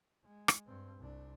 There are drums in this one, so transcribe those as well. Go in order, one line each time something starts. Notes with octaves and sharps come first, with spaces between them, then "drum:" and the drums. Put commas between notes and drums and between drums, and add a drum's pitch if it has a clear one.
G#3
drum: rim click
G2 C4
C2 D4